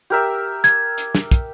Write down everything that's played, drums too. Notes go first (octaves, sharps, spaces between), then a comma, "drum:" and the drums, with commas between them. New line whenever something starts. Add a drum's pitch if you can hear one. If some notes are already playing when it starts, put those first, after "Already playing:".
G4 A#4 E5
G#6, drum: hi-hat
drum: hi-hat
drum: snare
drum: kick, hi-hat